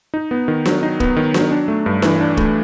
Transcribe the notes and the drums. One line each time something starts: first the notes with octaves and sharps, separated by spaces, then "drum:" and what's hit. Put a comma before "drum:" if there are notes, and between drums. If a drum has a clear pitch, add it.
D#4
B3
D#3
F#3, drum: snare D4
D#4
B3, drum: kick
D#3
F#3, drum: snare D4
D4
A3
G2
E3, drum: snare D4
D4
A3, drum: kick